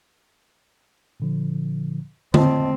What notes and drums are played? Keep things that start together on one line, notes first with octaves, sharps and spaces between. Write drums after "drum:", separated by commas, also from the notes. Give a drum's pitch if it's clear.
A#2 D3 F3
C4 D#5 A5, drum: tom D3